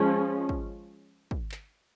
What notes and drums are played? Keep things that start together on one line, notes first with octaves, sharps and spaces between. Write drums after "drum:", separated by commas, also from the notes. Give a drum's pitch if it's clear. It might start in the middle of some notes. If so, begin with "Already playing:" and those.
Already playing: F3 G#3 C#4
drum: kick
drum: kick
drum: clap